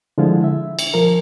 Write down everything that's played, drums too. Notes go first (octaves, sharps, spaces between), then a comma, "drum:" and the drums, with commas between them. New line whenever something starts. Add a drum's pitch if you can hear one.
D3 F3 G#3 E4 F4
E5
drum: cymbal
F3 A#4